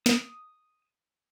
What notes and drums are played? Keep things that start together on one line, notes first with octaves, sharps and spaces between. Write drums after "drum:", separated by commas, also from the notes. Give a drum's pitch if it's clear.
D#6, drum: snare